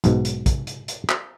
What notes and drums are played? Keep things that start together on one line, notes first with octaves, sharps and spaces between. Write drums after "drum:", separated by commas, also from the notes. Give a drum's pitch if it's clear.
B1 G#2 B2, drum: hi-hat
drum: hi-hat
drum: kick, hi-hat
drum: hi-hat
drum: hi-hat
drum: clap